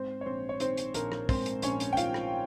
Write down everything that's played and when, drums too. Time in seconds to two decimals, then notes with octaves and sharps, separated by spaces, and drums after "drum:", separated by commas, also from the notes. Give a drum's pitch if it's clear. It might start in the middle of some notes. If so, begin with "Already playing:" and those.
Already playing: G#2 C4 C5
0.21 C#5
0.26 A#1 C4 C5
0.49 C#5
0.60 D#3 C4 C5, drum: hi-hat
0.77 drum: hi-hat
0.94 A#1 A#4, drum: hi-hat
1.12 drum: rim click
1.29 G#2 C4 C5, drum: kick, open hi-hat
1.46 drum: hi-hat
1.62 A#1 C#4 C#5, drum: hi-hat
1.80 drum: hi-hat
1.93 G5
1.97 D#3 F4 F5, drum: hi-hat
2.14 drum: rim click